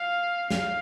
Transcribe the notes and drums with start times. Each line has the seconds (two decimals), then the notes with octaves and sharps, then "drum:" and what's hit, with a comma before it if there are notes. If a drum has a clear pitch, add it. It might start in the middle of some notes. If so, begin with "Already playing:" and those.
Already playing: F5
0.50 F5, drum: snare